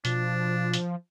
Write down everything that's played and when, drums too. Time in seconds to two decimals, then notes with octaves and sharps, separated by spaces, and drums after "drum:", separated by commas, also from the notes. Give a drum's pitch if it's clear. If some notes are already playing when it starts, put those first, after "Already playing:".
0.05 B2 F3 D4, drum: hi-hat
0.74 drum: hi-hat